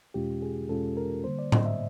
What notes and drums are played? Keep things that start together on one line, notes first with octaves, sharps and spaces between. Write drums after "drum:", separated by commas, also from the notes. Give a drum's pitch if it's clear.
E2 B2 G#3 C#4 F4 G4
G#4
E2 B2 G#3 C#4 F4 A4
A#4
D3 G3 A#3 C5
D5
D#5, drum: tom A2
E5